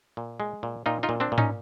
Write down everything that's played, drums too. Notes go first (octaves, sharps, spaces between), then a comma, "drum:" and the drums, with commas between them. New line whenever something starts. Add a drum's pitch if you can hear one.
A#2
G#3
A#2
A#2 D#4 F4
D#4 F4
A#2
C4 D4
A#2
C#4 D#4, drum: tom G#2